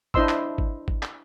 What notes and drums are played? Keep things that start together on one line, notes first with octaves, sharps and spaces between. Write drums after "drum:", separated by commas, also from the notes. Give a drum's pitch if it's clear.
D4 E4 C5 D#5 C6 E6, drum: kick G#1
drum: clap
drum: kick G#1
drum: kick G#1
drum: clap